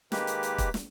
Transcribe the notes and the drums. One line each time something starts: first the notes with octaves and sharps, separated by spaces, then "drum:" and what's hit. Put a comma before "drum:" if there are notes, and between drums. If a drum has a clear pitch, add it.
D#3 G#3 A#3 G4 B4, drum: snare
drum: hi-hat
drum: hi-hat
drum: kick, hi-hat
drum: snare